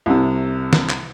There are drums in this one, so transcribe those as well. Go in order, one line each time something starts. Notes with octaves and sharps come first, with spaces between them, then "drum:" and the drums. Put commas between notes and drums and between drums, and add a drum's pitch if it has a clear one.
C2 C3
drum: snare
drum: clap